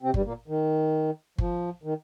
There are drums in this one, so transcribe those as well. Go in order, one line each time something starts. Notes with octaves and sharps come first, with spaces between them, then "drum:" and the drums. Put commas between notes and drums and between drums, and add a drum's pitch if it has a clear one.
C3 C4
G2 G3, drum: kick G1
A#2 A#3
D#3
F3, drum: kick G1
D#3